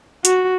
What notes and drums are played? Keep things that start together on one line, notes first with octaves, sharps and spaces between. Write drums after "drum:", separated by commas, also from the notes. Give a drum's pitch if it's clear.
F#4, drum: hi-hat